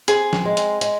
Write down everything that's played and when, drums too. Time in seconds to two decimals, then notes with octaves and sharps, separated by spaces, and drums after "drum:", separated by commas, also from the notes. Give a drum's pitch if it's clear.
0.08 C4 G#4, drum: hi-hat
0.33 drum: snare
0.45 G#3
0.57 drum: hi-hat
0.81 G#3, drum: hi-hat